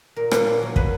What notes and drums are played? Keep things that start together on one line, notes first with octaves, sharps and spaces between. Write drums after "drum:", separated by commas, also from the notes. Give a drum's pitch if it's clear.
A#2 A#4
F#3 A#3, drum: rim click
A#2
F#3 A#3
B2 B4, drum: kick